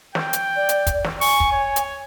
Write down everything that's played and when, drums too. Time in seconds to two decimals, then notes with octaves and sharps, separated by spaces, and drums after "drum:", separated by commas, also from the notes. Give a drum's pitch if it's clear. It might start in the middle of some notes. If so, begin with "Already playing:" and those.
0.15 G5, drum: snare
0.33 drum: hi-hat
0.56 D5
0.69 drum: hi-hat
0.87 drum: kick, hi-hat
1.04 drum: snare
1.21 G#5 C#6, drum: open hi-hat
1.40 drum: kick
1.52 C#5
1.76 drum: hi-hat